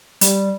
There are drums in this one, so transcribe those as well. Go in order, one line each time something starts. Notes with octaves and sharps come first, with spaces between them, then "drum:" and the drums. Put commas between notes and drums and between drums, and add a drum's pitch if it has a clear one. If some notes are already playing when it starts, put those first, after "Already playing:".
G3, drum: hi-hat